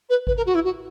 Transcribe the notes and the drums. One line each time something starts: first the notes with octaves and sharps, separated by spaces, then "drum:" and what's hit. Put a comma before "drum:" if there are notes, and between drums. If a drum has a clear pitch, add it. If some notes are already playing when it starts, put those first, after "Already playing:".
B4
B4, drum: kick G#1
A#4
F#4
E4
F#4